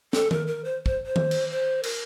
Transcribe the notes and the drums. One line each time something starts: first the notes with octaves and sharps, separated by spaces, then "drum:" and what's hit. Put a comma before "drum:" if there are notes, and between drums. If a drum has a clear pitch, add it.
A4, drum: snare
A#4, drum: tom D#3
A#4
C5
C5, drum: kick
C5
drum: tom D#3
drum: cymbal
C5
A#4, drum: cymbal